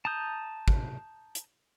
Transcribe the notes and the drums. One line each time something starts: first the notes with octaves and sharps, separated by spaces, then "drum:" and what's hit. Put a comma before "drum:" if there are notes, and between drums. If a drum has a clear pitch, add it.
A5 A#5 D#6 G6
drum: kick
drum: hi-hat